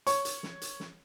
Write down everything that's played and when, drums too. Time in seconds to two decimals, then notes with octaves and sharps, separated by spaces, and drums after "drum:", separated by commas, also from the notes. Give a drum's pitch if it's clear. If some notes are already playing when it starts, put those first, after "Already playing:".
0.07 C#5 C#6, drum: hi-hat
0.25 drum: hi-hat
0.43 drum: snare
0.61 drum: hi-hat
0.80 drum: snare